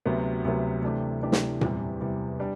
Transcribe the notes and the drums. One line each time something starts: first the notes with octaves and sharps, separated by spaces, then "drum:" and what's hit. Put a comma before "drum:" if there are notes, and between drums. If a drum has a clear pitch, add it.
D2 C3 F#3 B3
D2 C3 F#3 B3
C3 E3 A3 D4 G4
C3 E3 A3 D4 G4
drum: snare
E2 C3 G3, drum: tom A#2
E2 C3 G3
G3 D4